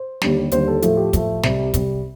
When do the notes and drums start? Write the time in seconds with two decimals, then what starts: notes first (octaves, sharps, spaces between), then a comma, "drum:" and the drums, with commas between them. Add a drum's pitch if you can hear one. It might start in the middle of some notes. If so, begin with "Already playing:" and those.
Already playing: C5
0.22 D#2 D3 G3, drum: snare
0.51 D#2 D3 G3 C5, drum: hi-hat
0.68 A4
0.82 A2 F3 A3 A4, drum: hi-hat
0.97 G4
1.13 A2 F3 A3, drum: kick, hi-hat
1.43 C2 C3 G3, drum: snare
1.74 C2 C3 G3, drum: kick, hi-hat